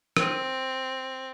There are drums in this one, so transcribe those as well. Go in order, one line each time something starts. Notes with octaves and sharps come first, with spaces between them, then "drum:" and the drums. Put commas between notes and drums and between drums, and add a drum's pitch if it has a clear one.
C4, drum: rim click